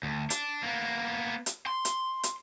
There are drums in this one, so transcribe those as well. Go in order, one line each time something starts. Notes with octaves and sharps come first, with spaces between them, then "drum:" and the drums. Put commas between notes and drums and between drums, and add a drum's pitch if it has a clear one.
D2
D4, drum: hi-hat
A#3 B3
drum: hi-hat
C6
drum: hi-hat
drum: hi-hat